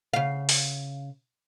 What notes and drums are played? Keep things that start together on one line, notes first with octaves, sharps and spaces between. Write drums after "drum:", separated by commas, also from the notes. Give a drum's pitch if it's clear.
C#3 F5
drum: open hi-hat